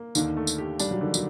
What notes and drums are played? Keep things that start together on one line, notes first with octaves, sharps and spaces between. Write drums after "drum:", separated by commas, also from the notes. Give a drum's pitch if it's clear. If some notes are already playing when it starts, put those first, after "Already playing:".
Already playing: A#3
D#2 D3 D#3, drum: tambourine
A3
drum: tambourine
G4
G3 D4, drum: tambourine
F#3
D3 D#3
F#3, drum: tambourine